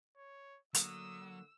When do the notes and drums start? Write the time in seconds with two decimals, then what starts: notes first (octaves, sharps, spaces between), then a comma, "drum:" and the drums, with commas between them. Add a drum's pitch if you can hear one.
0.17 C#5
0.74 D3 F#3 A#3 D#6 E6, drum: hi-hat